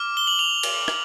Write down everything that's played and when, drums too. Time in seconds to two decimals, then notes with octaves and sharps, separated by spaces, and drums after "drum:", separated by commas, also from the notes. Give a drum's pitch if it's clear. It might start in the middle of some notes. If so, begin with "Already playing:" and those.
Already playing: D6 F6
0.17 G7
0.27 F#7
0.39 F7
0.63 drum: cymbal
0.88 drum: rim click